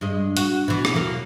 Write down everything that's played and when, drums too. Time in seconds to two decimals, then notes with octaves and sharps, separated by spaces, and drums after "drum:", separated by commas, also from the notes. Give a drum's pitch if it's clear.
0.01 G2 G#3 D#5
0.37 F#4, drum: hi-hat
0.68 B2 E3
0.85 drum: rim click
0.95 E2 F#3 A#3